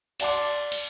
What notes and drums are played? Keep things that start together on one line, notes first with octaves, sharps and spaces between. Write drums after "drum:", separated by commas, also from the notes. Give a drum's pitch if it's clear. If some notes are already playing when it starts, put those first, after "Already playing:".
D5 F#5 A5 C6 D6, drum: cymbal
drum: cymbal